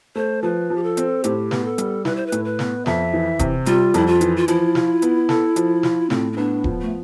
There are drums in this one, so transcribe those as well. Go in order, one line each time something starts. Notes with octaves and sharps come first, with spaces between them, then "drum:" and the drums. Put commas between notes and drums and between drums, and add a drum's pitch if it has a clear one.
A3 C5
F3 B4
F3
G4
A4
C4, drum: hi-hat
A2 G4, drum: hi-hat
B3, drum: snare
A4
G3, drum: hi-hat
E4 B4, drum: snare
C5
B4
A2, drum: hi-hat
B4
B3, drum: snare
F2 E5, drum: snare
E3
C3, drum: kick D#1, hi-hat
G3 F4, drum: hi-hat
F2 E4, drum: hi-hat
F4
E3, drum: hi-hat
F4
F3 E4, drum: hi-hat
F4, drum: snare
B3, drum: hi-hat
A4, drum: snare
F3, drum: hi-hat
F4, drum: snare
A2 C4, drum: snare
C4
B3 D4
F3, drum: kick D#1
A3